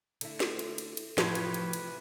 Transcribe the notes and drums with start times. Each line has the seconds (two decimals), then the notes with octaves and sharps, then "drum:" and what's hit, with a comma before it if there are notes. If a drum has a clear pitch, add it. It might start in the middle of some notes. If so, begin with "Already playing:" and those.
0.21 D3 A3 E4, drum: cymbal
0.40 drum: snare
0.59 drum: cymbal
0.78 drum: cymbal
0.97 drum: cymbal
1.18 A2 C3 E3 F3 D4 B4 G#6, drum: snare
1.35 drum: cymbal
1.54 drum: cymbal
1.73 drum: cymbal